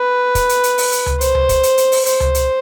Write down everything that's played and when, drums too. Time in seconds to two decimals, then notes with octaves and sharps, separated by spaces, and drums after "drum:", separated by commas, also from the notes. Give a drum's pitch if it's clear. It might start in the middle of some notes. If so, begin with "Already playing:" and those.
Already playing: B4
0.35 drum: kick, hi-hat
0.49 drum: hi-hat
0.64 drum: hi-hat
0.78 drum: open hi-hat
0.92 drum: hi-hat
1.06 drum: tom C#2
1.21 C5, drum: hi-hat
1.35 drum: tom C#2
1.49 drum: kick, hi-hat
1.63 drum: hi-hat
1.78 drum: hi-hat
1.92 drum: open hi-hat
2.06 C5, drum: hi-hat
2.20 drum: tom C#2
2.35 drum: hi-hat